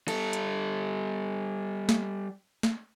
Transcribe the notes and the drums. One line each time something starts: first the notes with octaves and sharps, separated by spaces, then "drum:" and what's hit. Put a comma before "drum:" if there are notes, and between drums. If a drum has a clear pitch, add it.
G3 A4, drum: cymbal
drum: hi-hat
drum: snare
drum: snare